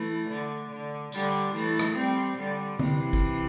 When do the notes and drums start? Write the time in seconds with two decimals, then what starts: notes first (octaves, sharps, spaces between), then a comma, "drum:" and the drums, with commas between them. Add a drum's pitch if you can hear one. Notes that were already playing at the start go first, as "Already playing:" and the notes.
Already playing: E3 A3
0.28 D3
0.71 D3
1.12 D3 G3, drum: tambourine
1.53 E3 A3
1.79 drum: rim click
1.96 G3 C4
2.37 D3 G3
2.79 C3 E3, drum: tom D3
3.13 drum: kick